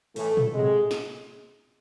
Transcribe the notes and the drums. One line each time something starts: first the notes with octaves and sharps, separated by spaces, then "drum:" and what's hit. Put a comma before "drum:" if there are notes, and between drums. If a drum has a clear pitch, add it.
A2 E3 A3, drum: open hi-hat
drum: tom A2
C3 F#3 G#3
drum: snare